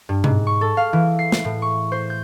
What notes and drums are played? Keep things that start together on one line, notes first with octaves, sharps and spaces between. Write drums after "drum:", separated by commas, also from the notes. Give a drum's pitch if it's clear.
G2
G#2, drum: tom B2
C#6
A4
F5
E3
C7
drum: snare
A2
C#6
C5
G6